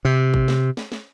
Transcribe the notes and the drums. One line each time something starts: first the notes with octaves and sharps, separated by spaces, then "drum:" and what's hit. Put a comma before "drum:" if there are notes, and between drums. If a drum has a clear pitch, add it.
C3
drum: kick G#1
drum: snare
drum: snare
drum: snare